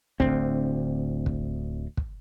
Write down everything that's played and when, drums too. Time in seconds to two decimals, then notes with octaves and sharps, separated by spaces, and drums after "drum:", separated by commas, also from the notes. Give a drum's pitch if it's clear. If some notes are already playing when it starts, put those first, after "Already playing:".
0.20 D1 D2 C4, drum: kick
1.26 drum: kick
1.97 drum: kick